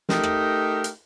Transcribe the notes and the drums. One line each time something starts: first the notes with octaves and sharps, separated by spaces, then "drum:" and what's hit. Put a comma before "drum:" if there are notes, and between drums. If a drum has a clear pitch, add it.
A3 D#4 G4 A#4, drum: snare
drum: rim click
drum: hi-hat